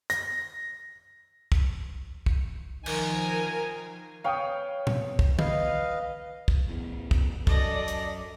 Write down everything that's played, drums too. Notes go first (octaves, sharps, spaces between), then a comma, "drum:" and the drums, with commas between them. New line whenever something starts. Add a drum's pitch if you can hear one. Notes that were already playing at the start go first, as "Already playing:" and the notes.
A#6, drum: hi-hat
drum: kick
drum: kick
D#3 F3 A#4 G#5, drum: cymbal
B4 C#5 F5 G5 D#6
drum: tom A2
drum: kick
B4 D#5 F5, drum: tom
drum: kick
A1 E2
drum: kick
F#2 A4 D5 D#5, drum: kick
drum: hi-hat